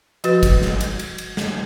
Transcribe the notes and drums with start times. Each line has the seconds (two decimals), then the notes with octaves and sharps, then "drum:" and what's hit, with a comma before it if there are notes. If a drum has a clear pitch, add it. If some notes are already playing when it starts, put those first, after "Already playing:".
0.24 F3 F#4 B4, drum: cymbal
0.43 drum: kick, cymbal
0.62 drum: snare
0.81 drum: cymbal
0.99 drum: cymbal
1.18 drum: cymbal
1.37 drum: snare